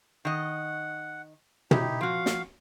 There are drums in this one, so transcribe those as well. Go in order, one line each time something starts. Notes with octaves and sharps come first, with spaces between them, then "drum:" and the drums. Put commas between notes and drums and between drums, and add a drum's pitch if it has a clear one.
D#3 D#5 F#5
D#4 E4 G4, drum: tom
F3 F#4 F5
drum: snare